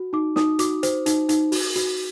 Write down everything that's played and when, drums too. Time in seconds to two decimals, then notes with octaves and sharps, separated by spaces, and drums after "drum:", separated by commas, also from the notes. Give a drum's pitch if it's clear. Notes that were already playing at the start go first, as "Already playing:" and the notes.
Already playing: F#4
0.13 D#4 D6
0.36 D#4 D#6, drum: snare
0.59 F#4 D6, drum: hi-hat
0.83 C5, drum: hi-hat
1.06 D#4, drum: hi-hat
1.29 D#4, drum: hi-hat
1.52 F#4, drum: open hi-hat
1.76 F#4, drum: hi-hat